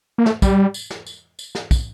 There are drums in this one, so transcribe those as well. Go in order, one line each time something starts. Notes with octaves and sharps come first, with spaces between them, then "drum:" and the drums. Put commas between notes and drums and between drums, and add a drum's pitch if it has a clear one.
A#3
A3, drum: snare
G3, drum: kick, tambourine
drum: tambourine
drum: snare
drum: tambourine
drum: tambourine
drum: snare
drum: kick, tambourine